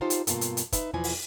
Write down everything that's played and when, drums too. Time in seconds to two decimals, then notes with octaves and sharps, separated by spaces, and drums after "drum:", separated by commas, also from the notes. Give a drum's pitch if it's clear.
0.01 D#4 F4 G4 A4 C5
0.10 drum: hi-hat
0.27 G2 B2 A#3 F4 A4, drum: hi-hat
0.41 drum: hi-hat
0.57 drum: hi-hat
0.72 D#4 B4 E5, drum: kick, hi-hat
0.93 E2 B2 E3 F3 E4 G#5
1.04 drum: open hi-hat